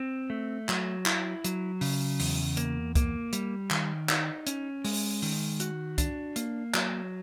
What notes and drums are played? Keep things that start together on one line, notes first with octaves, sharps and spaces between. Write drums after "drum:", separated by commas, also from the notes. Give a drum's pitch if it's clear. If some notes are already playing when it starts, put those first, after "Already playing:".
Already playing: C4
A3
F#3, drum: clap
E4, drum: clap
F#3, drum: hi-hat
C#3, drum: open hi-hat
E2, drum: open hi-hat
A#3, drum: hi-hat
A#3, drum: kick C2, hi-hat
G3, drum: hi-hat
D#3, drum: clap
D#4, drum: clap
C#4, drum: hi-hat
G#3, drum: open hi-hat
D#3, drum: open hi-hat
F#4, drum: hi-hat
D4, drum: kick C2, hi-hat
A#3, drum: hi-hat
F#3, drum: clap